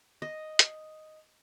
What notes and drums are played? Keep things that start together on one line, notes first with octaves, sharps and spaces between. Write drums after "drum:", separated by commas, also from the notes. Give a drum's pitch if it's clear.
D#5
drum: hi-hat